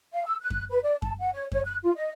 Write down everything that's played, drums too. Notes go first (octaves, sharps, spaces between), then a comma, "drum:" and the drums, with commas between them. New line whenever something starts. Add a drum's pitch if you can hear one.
F5
E6
F#6
drum: kick F#2
B4
D5
A5, drum: kick F#2
F#5
C#5
C#5, drum: kick F#2
F#6
F4
D#5